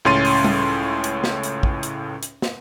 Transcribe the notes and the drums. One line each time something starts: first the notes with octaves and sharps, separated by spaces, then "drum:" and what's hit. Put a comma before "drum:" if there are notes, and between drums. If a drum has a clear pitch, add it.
C#2 A2 C#4 C6 A6 D#7
drum: open hi-hat
drum: tom G3
drum: hi-hat
drum: snare
drum: hi-hat
drum: kick
drum: hi-hat
drum: hi-hat
drum: snare